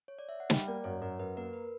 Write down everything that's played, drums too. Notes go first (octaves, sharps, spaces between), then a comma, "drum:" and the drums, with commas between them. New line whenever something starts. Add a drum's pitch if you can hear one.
C#5
D5
E5
F#5
G3 G5, drum: snare
A#3 D5
F#2 C#5
F#2 A#4
F#2 B4
A#3 A#4
B4